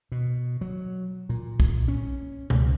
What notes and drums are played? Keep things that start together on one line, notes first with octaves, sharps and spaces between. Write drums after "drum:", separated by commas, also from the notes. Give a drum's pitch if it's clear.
B2
F#3
A#2
drum: kick B1
C#4
C#2, drum: tom B2